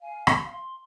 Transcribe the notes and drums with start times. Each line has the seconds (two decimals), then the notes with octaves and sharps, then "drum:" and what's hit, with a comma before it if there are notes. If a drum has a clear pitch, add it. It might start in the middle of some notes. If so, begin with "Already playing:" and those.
0.02 F5 G#5
0.27 C6, drum: rim click
0.51 C6